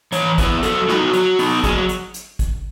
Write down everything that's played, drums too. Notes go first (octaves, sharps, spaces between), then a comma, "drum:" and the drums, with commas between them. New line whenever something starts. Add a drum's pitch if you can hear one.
E3 C#5, drum: hi-hat
B3 E4 B4, drum: kick, hi-hat
F#3 A4, drum: hi-hat
B3 D#4 F#4, drum: snare
F#3, drum: hi-hat
B3 D#4, drum: open hi-hat
F#3 G#4, drum: kick, hi-hat
drum: hi-hat
drum: hi-hat
drum: kick, hi-hat